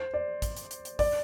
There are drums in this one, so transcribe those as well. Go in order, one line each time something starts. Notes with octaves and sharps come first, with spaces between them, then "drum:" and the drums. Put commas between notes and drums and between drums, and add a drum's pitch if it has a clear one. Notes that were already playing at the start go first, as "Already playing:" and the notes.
Already playing: C5
D5
drum: kick A1, hi-hat
drum: hi-hat
drum: hi-hat
drum: hi-hat
D5, drum: kick A1, open hi-hat